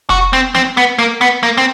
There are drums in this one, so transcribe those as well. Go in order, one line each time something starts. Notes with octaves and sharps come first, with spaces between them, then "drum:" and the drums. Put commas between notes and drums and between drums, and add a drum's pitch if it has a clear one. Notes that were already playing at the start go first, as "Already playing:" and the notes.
F#4, drum: kick F1
C4
C4, drum: snare
B3
A#3
B3
A#3
C4